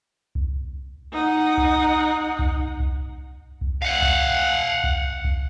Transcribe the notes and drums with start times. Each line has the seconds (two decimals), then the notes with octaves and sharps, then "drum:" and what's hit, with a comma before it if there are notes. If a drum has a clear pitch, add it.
0.35 drum: kick C2
1.12 D#4 F#5
1.58 drum: kick C2
2.39 drum: kick C2
2.80 drum: kick C2
3.61 drum: kick C2
3.82 F5 F#5
4.02 drum: kick C2
4.84 drum: kick C2
5.24 drum: kick C2